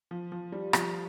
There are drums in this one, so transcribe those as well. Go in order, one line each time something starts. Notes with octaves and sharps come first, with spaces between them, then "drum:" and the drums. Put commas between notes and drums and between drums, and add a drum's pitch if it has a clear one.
F3
F3
G3
F3, drum: rim click